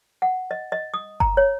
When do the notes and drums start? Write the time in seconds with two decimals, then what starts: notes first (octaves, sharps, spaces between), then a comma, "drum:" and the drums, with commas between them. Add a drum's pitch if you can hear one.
0.22 F#5
0.51 D#5
0.72 D#5
0.94 D#6
1.20 A#5, drum: kick G1
1.37 C#5